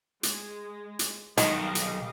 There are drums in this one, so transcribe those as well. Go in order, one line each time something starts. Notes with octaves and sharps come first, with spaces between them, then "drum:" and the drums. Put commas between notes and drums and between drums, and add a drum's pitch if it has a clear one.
G#3, drum: hi-hat
drum: hi-hat
B1 D#3 G3 G#3 F#4 D#5 F5, drum: hi-hat
drum: hi-hat